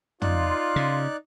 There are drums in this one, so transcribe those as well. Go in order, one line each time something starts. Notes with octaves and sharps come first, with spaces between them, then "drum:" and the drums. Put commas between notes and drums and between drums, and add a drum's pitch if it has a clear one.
D#4 F4 D5 F#6, drum: tom
C#3